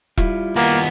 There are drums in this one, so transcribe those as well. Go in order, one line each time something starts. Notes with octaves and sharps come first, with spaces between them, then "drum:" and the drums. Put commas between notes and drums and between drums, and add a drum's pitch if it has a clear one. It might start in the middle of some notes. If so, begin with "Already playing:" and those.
G3 E4 F4, drum: kick E1
D#2 A#3 B3